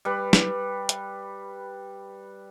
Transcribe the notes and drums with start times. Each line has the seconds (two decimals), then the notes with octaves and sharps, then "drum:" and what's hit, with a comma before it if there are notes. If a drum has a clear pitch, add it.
0.05 G3 B4
0.33 drum: snare
0.89 drum: hi-hat